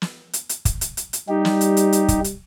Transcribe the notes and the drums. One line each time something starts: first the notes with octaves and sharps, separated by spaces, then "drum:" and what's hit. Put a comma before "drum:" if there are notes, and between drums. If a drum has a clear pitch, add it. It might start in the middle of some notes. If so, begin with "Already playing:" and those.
drum: snare
drum: hi-hat
drum: hi-hat
drum: kick, hi-hat
drum: hi-hat
drum: hi-hat
drum: hi-hat
G3 D#4 G4
drum: snare
drum: hi-hat
drum: hi-hat
drum: hi-hat
drum: kick, hi-hat
drum: hi-hat